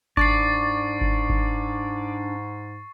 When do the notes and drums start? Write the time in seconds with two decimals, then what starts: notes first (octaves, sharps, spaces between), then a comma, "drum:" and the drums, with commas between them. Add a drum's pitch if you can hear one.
0.17 G#2 D4 D5 C#6 A6 C7, drum: kick G1
1.01 drum: kick G1
1.29 drum: kick G1